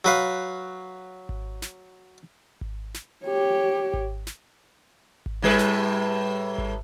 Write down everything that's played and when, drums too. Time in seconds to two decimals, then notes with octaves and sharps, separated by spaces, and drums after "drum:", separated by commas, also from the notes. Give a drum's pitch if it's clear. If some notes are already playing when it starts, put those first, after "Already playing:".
0.05 F#3 B4 F5
1.29 drum: kick G#1
1.62 drum: snare
2.61 drum: kick G#1
2.94 drum: snare
3.25 G4 C#5
3.94 drum: kick G#1
4.27 drum: snare
5.26 drum: kick G#1
5.42 A2 G3 B4
5.59 drum: snare
6.58 drum: kick G#1